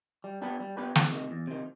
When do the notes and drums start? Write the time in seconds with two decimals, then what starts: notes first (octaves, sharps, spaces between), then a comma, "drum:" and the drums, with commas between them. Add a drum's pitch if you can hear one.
0.24 G3
0.42 B3 D4 G4 B4
0.60 G3
0.77 B3 D4 G4 B4
0.95 E2, drum: snare
1.12 C3 D#3
1.31 E2
1.47 C3 D#3